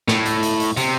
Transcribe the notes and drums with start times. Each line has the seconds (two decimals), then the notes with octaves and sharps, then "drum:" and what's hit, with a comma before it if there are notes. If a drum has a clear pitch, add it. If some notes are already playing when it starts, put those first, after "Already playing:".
0.08 A2, drum: snare
0.26 drum: hi-hat
0.43 drum: hi-hat
0.60 drum: hi-hat
0.77 C3, drum: hi-hat